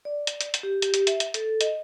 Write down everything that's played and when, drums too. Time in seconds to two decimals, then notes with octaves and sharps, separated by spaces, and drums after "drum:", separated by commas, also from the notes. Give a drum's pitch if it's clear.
0.05 D5
0.27 drum: hi-hat
0.41 drum: hi-hat
0.54 drum: hi-hat
0.63 G4
0.82 G4, drum: hi-hat
0.94 drum: hi-hat
1.07 E5, drum: hi-hat
1.20 drum: hi-hat
1.34 A4, drum: hi-hat
1.61 D#5, drum: hi-hat